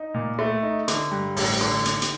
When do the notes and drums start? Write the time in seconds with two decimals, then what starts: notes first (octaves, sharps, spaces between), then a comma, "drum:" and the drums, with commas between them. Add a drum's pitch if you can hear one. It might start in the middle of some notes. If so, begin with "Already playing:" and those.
Already playing: D#4
0.14 A#2
0.39 A3
0.63 D#4
0.88 D3, drum: hi-hat
1.11 G2
1.36 A1, drum: open hi-hat
1.61 D3
1.85 drum: hi-hat
2.02 drum: hi-hat